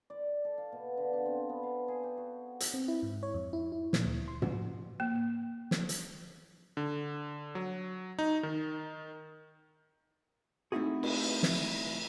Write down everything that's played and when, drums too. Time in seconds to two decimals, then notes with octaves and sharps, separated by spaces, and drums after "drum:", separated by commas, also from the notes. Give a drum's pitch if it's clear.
0.10 D5
0.45 A4
0.58 F5
0.72 B2
0.97 D3
1.13 D4
1.26 C4
1.49 B3
1.63 F5
1.88 G#4
2.03 G4
2.17 F#4
2.60 drum: hi-hat
2.74 C4
2.88 E4
3.03 G#2
3.23 C#5
3.34 F2
3.53 E4
3.72 E4
3.93 A#2, drum: snare
4.06 D2
4.28 C6
4.42 F3, drum: tom
5.00 A#3
5.71 drum: snare
5.89 drum: hi-hat
6.77 D3
7.55 F#3
8.19 D#4
8.43 D#3
10.72 A3 C4 D#4 E4 F#4 G#4
11.03 drum: cymbal
11.43 drum: snare